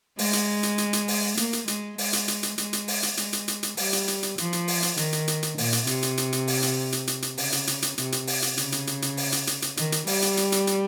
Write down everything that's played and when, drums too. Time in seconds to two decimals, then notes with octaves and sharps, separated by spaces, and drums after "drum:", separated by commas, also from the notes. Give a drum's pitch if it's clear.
0.19 G#3, drum: open hi-hat
0.33 drum: hi-hat
0.63 drum: hi-hat
0.78 drum: hi-hat
0.93 drum: hi-hat
1.08 drum: open hi-hat
1.37 A#3, drum: hi-hat
1.53 drum: hi-hat
1.68 G#3, drum: hi-hat
1.98 G#3, drum: open hi-hat
2.13 drum: hi-hat
2.28 drum: hi-hat
2.43 drum: hi-hat
2.58 G#3, drum: hi-hat
2.73 drum: hi-hat
2.88 drum: open hi-hat
3.03 drum: hi-hat
3.17 G#3, drum: hi-hat
3.33 drum: hi-hat
3.48 drum: hi-hat
3.63 drum: hi-hat
3.77 G3, drum: open hi-hat
3.93 drum: hi-hat
4.08 drum: hi-hat
4.23 drum: hi-hat
4.38 F3, drum: hi-hat
4.53 drum: hi-hat
4.68 drum: open hi-hat
4.83 drum: hi-hat
4.97 D#3, drum: hi-hat
5.13 drum: hi-hat
5.28 drum: hi-hat
5.43 drum: hi-hat
5.58 A#2, drum: open hi-hat
5.73 drum: hi-hat
5.87 C3, drum: hi-hat
6.03 drum: hi-hat
6.18 drum: hi-hat
6.32 drum: hi-hat
6.47 drum: open hi-hat
6.62 drum: hi-hat
6.92 drum: hi-hat
7.07 drum: hi-hat
7.22 drum: hi-hat
7.38 C#3, drum: open hi-hat
7.52 drum: hi-hat
7.67 drum: hi-hat
7.82 drum: hi-hat
7.98 C3, drum: hi-hat
8.12 drum: hi-hat
8.27 drum: open hi-hat
8.42 drum: hi-hat
8.57 C#3, drum: hi-hat
8.72 drum: hi-hat
8.87 drum: hi-hat
9.02 drum: hi-hat
9.17 drum: open hi-hat
9.32 drum: hi-hat
9.47 drum: hi-hat
9.62 drum: hi-hat
9.77 D#3, drum: hi-hat
9.92 drum: hi-hat
10.07 G3, drum: open hi-hat
10.22 drum: hi-hat
10.37 drum: hi-hat
10.52 drum: hi-hat
10.67 drum: hi-hat